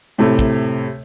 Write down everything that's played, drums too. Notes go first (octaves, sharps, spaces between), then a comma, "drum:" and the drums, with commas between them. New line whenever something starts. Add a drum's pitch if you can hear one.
A2 C3 A3
drum: kick